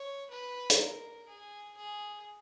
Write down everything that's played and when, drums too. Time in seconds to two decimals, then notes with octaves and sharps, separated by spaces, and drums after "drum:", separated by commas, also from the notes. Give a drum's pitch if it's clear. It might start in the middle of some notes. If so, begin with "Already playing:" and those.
Already playing: C#5
0.30 B4
0.70 drum: hi-hat
0.79 A#4
1.28 G#4
1.77 G#4